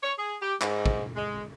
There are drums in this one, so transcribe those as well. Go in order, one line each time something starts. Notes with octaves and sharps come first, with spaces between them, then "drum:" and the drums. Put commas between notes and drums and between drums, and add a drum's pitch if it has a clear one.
C#5
G#4
G4
G#2, drum: clap
drum: kick
G#3